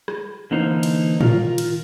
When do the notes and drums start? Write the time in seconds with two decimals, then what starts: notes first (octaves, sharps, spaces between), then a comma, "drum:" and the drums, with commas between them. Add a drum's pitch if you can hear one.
0.08 drum: rim click
0.51 D3 E3 A#3 D#4 C5
0.83 drum: cymbal
1.21 D#3 F4 A#4, drum: tom A2
1.58 drum: cymbal